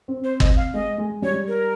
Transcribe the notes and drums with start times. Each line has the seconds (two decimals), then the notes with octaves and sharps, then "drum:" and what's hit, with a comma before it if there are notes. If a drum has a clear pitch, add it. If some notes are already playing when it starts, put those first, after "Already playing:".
0.08 C4
0.24 C5
0.40 D#5, drum: kick G1
0.56 F5
0.74 G#3 D#5
0.98 G#3
1.22 G3 C#5
1.48 A#4